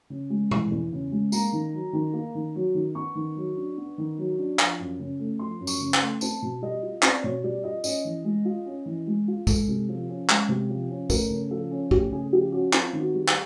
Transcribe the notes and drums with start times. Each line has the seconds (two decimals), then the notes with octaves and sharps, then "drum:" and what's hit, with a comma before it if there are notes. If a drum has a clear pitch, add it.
0.10 C#3
0.30 G#3
0.51 E3, drum: tom
0.71 E2
0.92 C#3
1.12 G#3
1.32 A#3 A#5, drum: tambourine
1.53 D#3
1.74 F#3
1.93 D#3
2.13 A#3
2.35 D#3
2.55 F#3
2.75 D#3
2.95 B3 C#6
3.15 D#3
3.37 F#3
3.57 D4
3.78 B3
3.98 D#3
4.18 F#3
4.39 D4
4.59 F3, drum: clap
4.79 F#2
5.00 C#3
5.19 A3
5.39 F3 C6
5.60 F#2
5.67 C#6, drum: tambourine
5.81 C#3
5.94 C6, drum: clap
6.01 A3
6.21 C4 A5, drum: tambourine
6.42 B2
6.62 G3 D#5
6.82 F4
7.03 C4 D5, drum: clap
7.23 B2 C#5
7.44 G3 D5
7.64 F4 D#5
7.84 C#4 D#5, drum: tambourine
8.05 E3
8.25 G#3
8.45 F4
8.66 C#4
8.86 E3
9.07 G#3
9.28 F4
9.47 G#3 A4, drum: kick, tambourine
9.68 C3
9.88 F3
10.09 C#4
10.29 G#3, drum: clap
10.49 C3
10.69 F3
10.90 C#4
11.10 A3 A#4, drum: kick, tambourine
11.30 C#3
11.51 F3 A4
11.71 C#4
11.91 A3 G4, drum: kick
12.12 C#3 G#4
12.32 F3 G4
12.52 C#4 F#4
12.73 C4 F4, drum: clap
12.93 D#3
13.00 F#4
13.15 G3
13.28 G#4, drum: clap